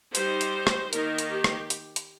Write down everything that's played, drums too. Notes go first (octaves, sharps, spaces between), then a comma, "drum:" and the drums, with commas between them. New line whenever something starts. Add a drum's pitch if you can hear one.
G3 D#4 C5, drum: hi-hat
drum: hi-hat
drum: rim click
D#3 A#3 D#4 A#4, drum: hi-hat
drum: hi-hat
G4
drum: rim click
drum: hi-hat
drum: hi-hat